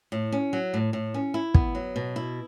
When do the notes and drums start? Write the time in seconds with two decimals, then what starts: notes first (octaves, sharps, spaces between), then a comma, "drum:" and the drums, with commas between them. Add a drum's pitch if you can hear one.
0.12 A2
0.32 C#4
0.53 F#3
0.74 A2
0.93 A2
1.14 C#4
1.34 E4
1.54 B3, drum: kick
1.75 F#3
1.96 B2
2.16 E4